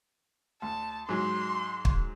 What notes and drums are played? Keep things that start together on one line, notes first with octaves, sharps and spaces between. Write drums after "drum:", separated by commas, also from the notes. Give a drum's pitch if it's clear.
D2 A5
G#2 F#3 C6
drum: kick